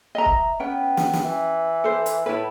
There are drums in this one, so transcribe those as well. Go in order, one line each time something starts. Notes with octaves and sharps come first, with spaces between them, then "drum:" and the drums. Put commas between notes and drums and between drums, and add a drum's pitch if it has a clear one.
D#5 E5 A#5
drum: kick C#1
B3 C#4 G5
drum: snare
drum: snare
E3
A4 C5
drum: hi-hat
A2 E4 B4